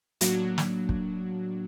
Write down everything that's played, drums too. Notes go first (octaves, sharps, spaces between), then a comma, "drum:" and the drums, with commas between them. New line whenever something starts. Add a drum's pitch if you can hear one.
A2 F#3 A#3 D4 F#4, drum: hi-hat
drum: snare
drum: kick